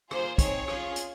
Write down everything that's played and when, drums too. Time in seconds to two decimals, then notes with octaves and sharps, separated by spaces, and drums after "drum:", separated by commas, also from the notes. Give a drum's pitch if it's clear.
0.11 A#3 F4 G#4 C5, drum: rim click
0.38 C4 D#4 G#4 C#5, drum: kick, hi-hat
0.68 C#4 F4 G#4, drum: rim click
0.96 drum: hi-hat